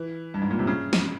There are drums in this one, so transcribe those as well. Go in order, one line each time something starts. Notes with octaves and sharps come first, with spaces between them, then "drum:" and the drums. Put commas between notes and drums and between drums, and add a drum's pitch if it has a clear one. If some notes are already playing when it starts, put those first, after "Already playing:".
Already playing: E3
G2
G#2
A#2
C3
C#3
drum: snare